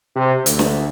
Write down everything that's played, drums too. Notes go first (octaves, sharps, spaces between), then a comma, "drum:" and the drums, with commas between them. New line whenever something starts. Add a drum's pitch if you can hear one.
C3
D2, drum: hi-hat
drum: snare